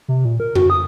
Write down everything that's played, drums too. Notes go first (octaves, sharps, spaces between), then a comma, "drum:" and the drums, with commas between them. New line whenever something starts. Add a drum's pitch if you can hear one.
C3
A#2
A#4
F#4, drum: tom F2
D#6